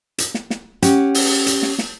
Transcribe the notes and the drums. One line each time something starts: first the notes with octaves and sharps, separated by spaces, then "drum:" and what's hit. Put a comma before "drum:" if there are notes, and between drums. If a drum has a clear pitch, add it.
drum: hi-hat
drum: snare
drum: snare
C#4 G4 F#5, drum: hi-hat
drum: open hi-hat
drum: hi-hat
drum: snare
drum: snare